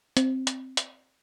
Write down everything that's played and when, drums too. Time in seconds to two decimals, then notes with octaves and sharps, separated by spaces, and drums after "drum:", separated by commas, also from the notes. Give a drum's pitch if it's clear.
0.17 C4, drum: hi-hat
0.47 drum: hi-hat
0.77 drum: hi-hat